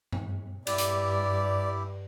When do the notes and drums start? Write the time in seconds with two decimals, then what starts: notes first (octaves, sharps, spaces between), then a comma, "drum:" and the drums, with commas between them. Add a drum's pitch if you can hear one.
0.12 drum: tom G2
0.67 G2 E4 G4 D5, drum: cymbal
0.78 drum: hi-hat